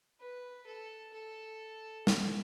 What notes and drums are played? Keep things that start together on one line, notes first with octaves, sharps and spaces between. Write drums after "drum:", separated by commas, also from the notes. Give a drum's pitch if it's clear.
B4
A4
A4
E4, drum: snare